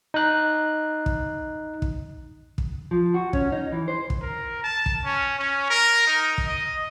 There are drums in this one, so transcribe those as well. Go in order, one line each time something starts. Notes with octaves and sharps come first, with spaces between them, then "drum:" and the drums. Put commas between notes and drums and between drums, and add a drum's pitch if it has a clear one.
D#4 F#6
drum: kick
drum: kick
drum: kick
F3
F#4
C#4, drum: kick
D#4
E3
C5
drum: kick
A#4
A5
drum: kick
C#4
C#4
A#4
D#4
drum: kick
D#5